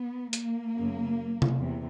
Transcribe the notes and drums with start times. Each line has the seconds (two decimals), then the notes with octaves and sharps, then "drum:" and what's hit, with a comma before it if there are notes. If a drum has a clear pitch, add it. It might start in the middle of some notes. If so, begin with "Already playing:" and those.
Already playing: B3
0.33 A#3, drum: hi-hat
0.75 F#2 C#3 F#3
1.42 drum: tom C3
1.57 E2 C3 E3